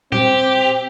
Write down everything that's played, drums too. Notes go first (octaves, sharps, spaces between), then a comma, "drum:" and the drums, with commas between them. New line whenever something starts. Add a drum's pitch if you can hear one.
C4 G4, drum: tom A#2